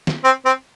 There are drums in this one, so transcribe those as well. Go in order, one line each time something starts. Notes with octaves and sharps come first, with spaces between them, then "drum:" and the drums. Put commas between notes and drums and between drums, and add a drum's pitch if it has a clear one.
drum: snare
C4
C4